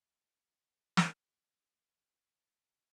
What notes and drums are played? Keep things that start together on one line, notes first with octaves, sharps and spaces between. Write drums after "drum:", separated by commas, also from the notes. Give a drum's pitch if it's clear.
C5 C#6
D4 A4
drum: snare
C#5
G#4
C#5 E5 F5